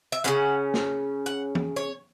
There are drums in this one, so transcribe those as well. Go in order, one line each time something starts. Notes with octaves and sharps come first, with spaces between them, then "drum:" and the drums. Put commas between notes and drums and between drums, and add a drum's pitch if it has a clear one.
E5
C#3 F#3 C#4 F#5
drum: snare
F#5
drum: tom
C#5